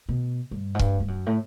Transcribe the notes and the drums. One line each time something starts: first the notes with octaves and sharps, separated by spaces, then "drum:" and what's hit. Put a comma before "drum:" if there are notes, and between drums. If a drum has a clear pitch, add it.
B2
G2
G#2
G2, drum: kick
G2
F#2
A2